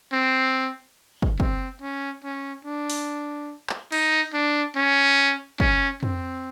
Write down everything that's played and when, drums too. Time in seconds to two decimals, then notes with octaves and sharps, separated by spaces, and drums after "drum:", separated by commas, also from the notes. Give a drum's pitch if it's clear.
0.13 C4
1.22 drum: kick
1.40 C4, drum: kick
1.82 C#4
2.24 C#4
2.65 D4
2.90 drum: open hi-hat
3.70 drum: clap
3.92 D#4, drum: cymbal
4.34 D4
4.76 C#4
5.60 C#4, drum: kick
6.03 C4, drum: tom F2